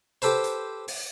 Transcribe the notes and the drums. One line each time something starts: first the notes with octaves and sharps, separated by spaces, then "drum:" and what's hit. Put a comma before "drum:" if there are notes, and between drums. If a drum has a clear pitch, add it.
G4 A4 B4 C5, drum: hi-hat
drum: hi-hat
drum: open hi-hat